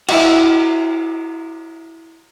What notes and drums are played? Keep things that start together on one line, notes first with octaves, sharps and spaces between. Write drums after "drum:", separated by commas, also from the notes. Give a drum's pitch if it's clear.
E4 F#4, drum: cymbal